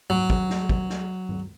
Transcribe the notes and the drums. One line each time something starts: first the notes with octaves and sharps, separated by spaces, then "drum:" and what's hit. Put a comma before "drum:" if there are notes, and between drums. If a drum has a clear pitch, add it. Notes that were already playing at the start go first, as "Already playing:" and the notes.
F#3, drum: tom G#2
drum: kick
drum: snare
drum: kick
drum: snare
drum: tom G2